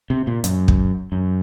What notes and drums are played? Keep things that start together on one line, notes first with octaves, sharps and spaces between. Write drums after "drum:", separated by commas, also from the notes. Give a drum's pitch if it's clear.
C3
A#2
F#2, drum: hi-hat
drum: kick
F#2